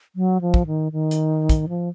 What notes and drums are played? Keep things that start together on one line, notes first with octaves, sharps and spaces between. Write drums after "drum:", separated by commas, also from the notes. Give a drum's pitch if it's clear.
F#3
F3
drum: kick
D#3
D#3
drum: hi-hat
drum: kick, hi-hat
F3